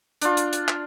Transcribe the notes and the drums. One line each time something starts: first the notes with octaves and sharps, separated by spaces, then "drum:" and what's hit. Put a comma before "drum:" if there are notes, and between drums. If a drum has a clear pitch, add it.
D4 F4, drum: hi-hat
drum: hi-hat
drum: hi-hat
drum: clap